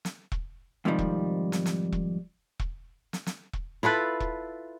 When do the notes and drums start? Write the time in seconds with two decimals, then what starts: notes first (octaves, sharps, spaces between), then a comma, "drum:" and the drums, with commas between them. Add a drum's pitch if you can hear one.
0.05 drum: snare
0.32 drum: kick E1
0.85 F2 G#2 C3 D#3 F3 G3
0.99 drum: kick E1
1.52 drum: snare
1.66 drum: snare
1.92 drum: kick E1
2.59 drum: kick E1
3.13 drum: snare
3.27 drum: snare
3.53 drum: kick E1
3.83 E4 F4 A4 B4
4.20 drum: kick E1